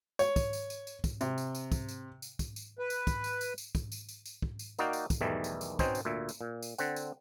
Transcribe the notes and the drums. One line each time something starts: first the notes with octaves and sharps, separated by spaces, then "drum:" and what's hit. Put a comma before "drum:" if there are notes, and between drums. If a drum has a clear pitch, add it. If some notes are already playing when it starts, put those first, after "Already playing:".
C#5, drum: tambourine
drum: kick, tambourine
drum: tambourine
drum: tambourine
drum: tambourine
drum: kick, tambourine
C3, drum: tambourine
drum: tambourine
drum: tambourine
drum: kick, tambourine
drum: tambourine
drum: tambourine
drum: kick, tambourine
drum: tambourine
B4
drum: tambourine
drum: kick, tambourine
drum: tambourine
drum: tambourine
drum: tambourine
drum: kick, tambourine
drum: tambourine
drum: tambourine
drum: tambourine
drum: kick
drum: tambourine
A#3 D#4 F#4 D5 F5 G5, drum: tambourine
drum: tambourine
drum: kick, tambourine
B1 E2 D#3 E3 G3 A3
drum: tambourine
drum: tambourine
B2 C4 C#4 D#4 C5, drum: kick, tambourine
drum: tambourine
D2 A#2 E5
drum: tambourine
A#2
drum: tambourine
D3 C4 F#5, drum: tambourine
drum: tambourine